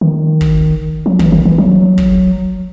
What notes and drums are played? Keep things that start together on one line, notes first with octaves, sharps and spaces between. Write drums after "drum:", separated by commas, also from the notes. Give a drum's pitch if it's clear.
D#3
drum: kick
F#3
E3, drum: kick
D#3
E3
F#3
drum: kick